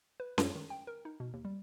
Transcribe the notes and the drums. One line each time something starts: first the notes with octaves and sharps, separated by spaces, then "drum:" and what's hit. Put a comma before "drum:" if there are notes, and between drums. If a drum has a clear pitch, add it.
B4
F#2, drum: snare C#4
D#3
G5
A#4
D#4
B2
D#2
G3